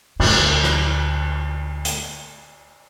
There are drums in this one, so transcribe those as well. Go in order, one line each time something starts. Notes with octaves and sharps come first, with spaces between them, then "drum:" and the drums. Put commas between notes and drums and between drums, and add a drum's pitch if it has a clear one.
D2 A#2, drum: cymbal
drum: rim click
drum: hi-hat